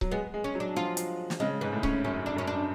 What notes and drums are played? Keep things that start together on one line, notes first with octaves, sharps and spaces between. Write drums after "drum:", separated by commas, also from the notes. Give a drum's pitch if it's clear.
F#3, drum: kick C#1
G#3 B3
G#3
C#4
F#3
D4
F3 F4
drum: hi-hat
drum: snare
C#3 G#3
G#2 B3
A2
C#4, drum: kick C#1
F#2 C#4
D4
F#2 C#4
D4